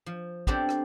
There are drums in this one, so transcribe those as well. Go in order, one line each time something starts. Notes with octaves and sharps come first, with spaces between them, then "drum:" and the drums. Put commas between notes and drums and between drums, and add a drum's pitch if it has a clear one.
F3
B3 C4 D4 G4 A4 C5, drum: kick
drum: rim click